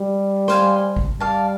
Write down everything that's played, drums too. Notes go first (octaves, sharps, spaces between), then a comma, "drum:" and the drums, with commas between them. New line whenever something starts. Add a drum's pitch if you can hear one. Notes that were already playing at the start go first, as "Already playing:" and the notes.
Already playing: G3
C5 F5 G#5, drum: snare
drum: kick G#1
G3 D5 F5 A5